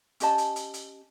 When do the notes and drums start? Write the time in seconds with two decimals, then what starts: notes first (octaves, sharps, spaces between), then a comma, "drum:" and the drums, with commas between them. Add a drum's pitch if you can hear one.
0.20 C#4 G4 D#5 A5, drum: hi-hat
0.38 drum: hi-hat
0.56 drum: hi-hat
0.74 drum: hi-hat